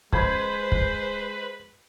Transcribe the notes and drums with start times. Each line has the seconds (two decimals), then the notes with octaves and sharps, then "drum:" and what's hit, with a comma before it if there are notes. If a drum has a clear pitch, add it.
0.13 G#3 B4 C5 B5 G6 G#6, drum: kick
0.72 drum: kick